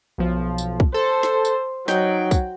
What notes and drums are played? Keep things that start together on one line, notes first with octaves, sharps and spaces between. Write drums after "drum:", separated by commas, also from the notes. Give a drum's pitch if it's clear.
B1 F3
drum: tambourine
drum: kick
A4 C5
drum: snare
drum: tambourine
F#3 D#4 G5, drum: snare
drum: kick, tambourine